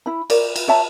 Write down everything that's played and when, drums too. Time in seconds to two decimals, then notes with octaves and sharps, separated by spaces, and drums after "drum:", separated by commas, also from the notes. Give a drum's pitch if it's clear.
0.06 E4 B5
0.30 A#4 C#5 D5, drum: cymbal
0.56 drum: cymbal
0.68 C#5 E5 A5 A#5